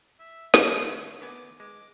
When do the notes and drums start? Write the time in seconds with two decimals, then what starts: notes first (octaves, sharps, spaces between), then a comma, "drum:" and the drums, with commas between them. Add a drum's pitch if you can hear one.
0.20 E5
0.54 drum: snare
0.64 C#4
0.82 D3 A3 C#5
1.21 D#3 B3 G#5 D6
1.60 G#3 D6